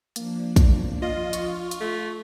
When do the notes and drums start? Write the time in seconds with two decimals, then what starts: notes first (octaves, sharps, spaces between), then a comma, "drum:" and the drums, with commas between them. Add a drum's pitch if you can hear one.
0.16 F3 A#3 D4, drum: hi-hat
0.56 drum: kick, hi-hat
1.02 F4 D#5
1.33 C#6, drum: hi-hat
1.71 drum: hi-hat
1.81 A3